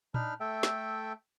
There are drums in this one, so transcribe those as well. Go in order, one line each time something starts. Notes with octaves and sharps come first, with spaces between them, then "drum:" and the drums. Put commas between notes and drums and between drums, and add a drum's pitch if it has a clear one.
D4 D#4 B5 F6, drum: tom A#2
A3 A4 E5 G5
drum: snare